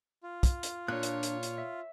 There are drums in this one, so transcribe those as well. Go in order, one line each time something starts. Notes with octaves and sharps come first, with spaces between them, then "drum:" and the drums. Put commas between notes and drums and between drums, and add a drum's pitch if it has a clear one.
F4
drum: kick, hi-hat
drum: hi-hat
A#2 D4 C#5 F#6
drum: hi-hat
drum: hi-hat
drum: hi-hat
E5